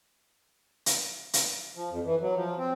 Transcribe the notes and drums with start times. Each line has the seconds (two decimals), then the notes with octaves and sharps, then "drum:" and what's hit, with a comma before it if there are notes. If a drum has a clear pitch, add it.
0.86 drum: hi-hat
1.33 drum: hi-hat
1.76 F3
1.90 F2
2.04 E3
2.21 F#3
2.35 F3
2.58 C4